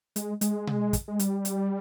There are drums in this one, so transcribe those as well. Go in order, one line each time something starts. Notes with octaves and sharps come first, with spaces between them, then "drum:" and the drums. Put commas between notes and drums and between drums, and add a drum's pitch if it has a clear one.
G#3, drum: hi-hat
G#3, drum: hi-hat
drum: tom B2
drum: kick, hi-hat
G#3
G3, drum: hi-hat
drum: hi-hat